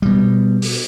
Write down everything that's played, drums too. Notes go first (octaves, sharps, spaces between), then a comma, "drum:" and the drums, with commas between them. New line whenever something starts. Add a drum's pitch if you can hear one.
B2 G3
drum: open hi-hat